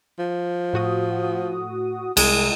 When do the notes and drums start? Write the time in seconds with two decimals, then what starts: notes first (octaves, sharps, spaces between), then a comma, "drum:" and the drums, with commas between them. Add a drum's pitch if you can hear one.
0.19 F3
0.73 A2 F#4 D#6
2.17 C2 G#3, drum: cymbal